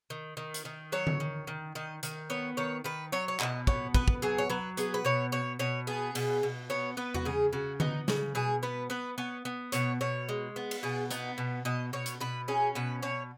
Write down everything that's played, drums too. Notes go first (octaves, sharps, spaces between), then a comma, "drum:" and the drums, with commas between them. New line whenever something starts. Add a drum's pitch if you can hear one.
D#3
D#3
drum: hi-hat
D#3
F#3 C#5
drum: tom D3
D#3
D#3
D#3 D#5
D#3, drum: hi-hat
B3 C#5
D#3 C#5
D#3 B4
F#3 C#5
C#5
B2 D#5, drum: clap
B3 C#5, drum: kick
B3 B4, drum: kick
drum: kick
F#3 G#4
C#5
F#3 B4
B3 G#4, drum: hi-hat
B4
B2 C#5
B2 C#5
B2 C#5
B3 G#4
B2, drum: cymbal
B2
B3 C#5
B3 B4
F#4, drum: tom E2
C#3 G#4
C#3 F#4
B3 D#4, drum: tom D3
C#3, drum: snare
B2 G#4
B3 B4
B3 B4
B3 C#5
B3
B2 C#5, drum: hi-hat
B2 C#5
G#3
B3
drum: cymbal
B2 G#4
B3 D#4, drum: hi-hat
B2
B2 D#5
B2 C#5
drum: hi-hat
B2 B4
C#4 G#4
B2 B4
B2 C#5